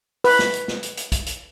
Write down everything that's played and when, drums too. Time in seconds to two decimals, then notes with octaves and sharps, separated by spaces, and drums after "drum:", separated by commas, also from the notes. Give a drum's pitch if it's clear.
0.24 B4, drum: open hi-hat
0.39 drum: snare
0.54 drum: hi-hat
0.68 drum: snare
0.83 drum: hi-hat
0.97 drum: hi-hat
1.12 drum: kick, hi-hat
1.26 drum: hi-hat